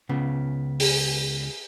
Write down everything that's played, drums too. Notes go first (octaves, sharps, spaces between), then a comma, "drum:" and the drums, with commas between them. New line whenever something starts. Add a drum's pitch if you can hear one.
C#2 C#3 B3
drum: open hi-hat